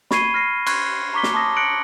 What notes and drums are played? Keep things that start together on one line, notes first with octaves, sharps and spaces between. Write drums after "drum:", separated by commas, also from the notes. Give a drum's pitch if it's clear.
B5 C#6 G#6 C7 D#7 G7, drum: snare
F6 A#6 C7
C6 C#6 F#6 G#6, drum: cymbal
A#5 C#6 D6 B6 G7
drum: snare
A5 C6 D6 D#6 A#6
F#6 A#6 C#7 D7 F#7